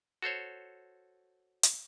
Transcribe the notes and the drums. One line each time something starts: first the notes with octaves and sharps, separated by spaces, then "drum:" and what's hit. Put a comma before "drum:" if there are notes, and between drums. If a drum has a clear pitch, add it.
F#4 A4 C5 C#5
drum: hi-hat